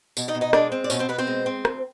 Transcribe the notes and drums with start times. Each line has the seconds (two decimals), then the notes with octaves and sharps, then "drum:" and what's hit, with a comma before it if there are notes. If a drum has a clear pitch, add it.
0.17 B2, drum: tambourine
0.28 D#4 D#5
0.35 B2
0.41 D#4 D#5
0.53 G#3 D4 D5, drum: rim click
0.72 C4
0.84 D5
0.90 B2 C#4 C#5, drum: tambourine
0.99 C4 C5
1.09 B2 B3 B4
1.18 C4 C5
1.27 G#3
1.46 C4
1.65 D2, drum: rim click